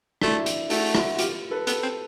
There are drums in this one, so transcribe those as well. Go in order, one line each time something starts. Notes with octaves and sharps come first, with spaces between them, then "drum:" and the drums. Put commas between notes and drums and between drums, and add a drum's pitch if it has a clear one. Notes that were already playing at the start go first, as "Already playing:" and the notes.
A3 D4 E4, drum: rim click
drum: hi-hat
A3 E4 F#4, drum: open hi-hat
drum: rim click
F#4
F4 G4, drum: hi-hat
A4 B4
B3 A4 B4, drum: hi-hat
C4